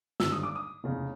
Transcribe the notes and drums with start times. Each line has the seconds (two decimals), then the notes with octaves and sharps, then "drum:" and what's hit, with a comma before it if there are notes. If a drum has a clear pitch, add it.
0.20 G#1 G2 D3 E6, drum: snare
0.32 D#6
0.43 D6
0.55 D#6
0.84 F1 E2 C#3